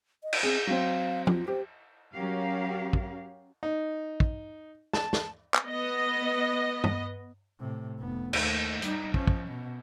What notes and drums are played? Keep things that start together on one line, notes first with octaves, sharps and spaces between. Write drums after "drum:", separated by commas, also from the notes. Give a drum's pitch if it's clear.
D#5
drum: cymbal
C4 G#4
F#3 C4 F5
F4, drum: tom
G4 C5
F#3 C#4 F#4 G4 A#4 F5
drum: kick
D#4
drum: kick
A5, drum: snare
drum: snare
drum: clap
B3 D#5
drum: tom G2
A2 C3
F1 B3
D#2 A3, drum: cymbal
G3 D#4, drum: hi-hat
F3 C#4, drum: kick
drum: kick
B2